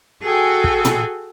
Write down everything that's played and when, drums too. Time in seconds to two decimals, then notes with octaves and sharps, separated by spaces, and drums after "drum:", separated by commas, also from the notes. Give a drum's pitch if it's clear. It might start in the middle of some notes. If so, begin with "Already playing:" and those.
0.22 F#4 G#4 A4 G5 G#5
0.64 drum: kick
0.85 drum: tom